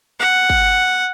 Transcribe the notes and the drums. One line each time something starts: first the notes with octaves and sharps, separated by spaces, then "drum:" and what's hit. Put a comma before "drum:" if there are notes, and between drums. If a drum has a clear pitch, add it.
F#5
drum: kick